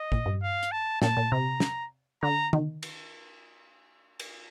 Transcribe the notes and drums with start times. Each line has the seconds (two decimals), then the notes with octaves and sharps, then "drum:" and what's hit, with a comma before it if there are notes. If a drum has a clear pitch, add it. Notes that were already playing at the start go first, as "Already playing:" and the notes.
Already playing: D#5
0.12 A#2, drum: kick
0.26 G2
0.42 F5
0.63 drum: hi-hat
0.72 A5
1.02 A#2 A5, drum: snare
1.17 A#2
1.32 C3 A#5
1.60 drum: snare
2.23 D3 A#5
2.53 D#3, drum: tom D3
2.83 drum: cymbal
4.20 drum: cymbal